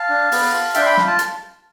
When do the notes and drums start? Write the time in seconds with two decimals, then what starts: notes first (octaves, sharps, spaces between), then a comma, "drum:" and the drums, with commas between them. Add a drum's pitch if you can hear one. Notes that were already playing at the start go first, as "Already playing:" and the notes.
Already playing: F5 A5
0.09 D4
0.32 B3, drum: open hi-hat
0.53 F4
0.74 D4 E5 G5, drum: hi-hat
0.82 C6
0.86 G5 B5
0.97 F4, drum: snare
1.07 A5
1.19 drum: hi-hat